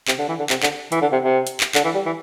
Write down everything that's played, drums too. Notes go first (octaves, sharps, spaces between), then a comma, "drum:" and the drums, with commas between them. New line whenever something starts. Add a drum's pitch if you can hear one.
C3, drum: clap
D3
E3
D3
C3, drum: clap
D3, drum: clap
E3, drum: hi-hat
D3
C3
C3
drum: hi-hat
drum: clap
D3, drum: clap
E3
G3
E3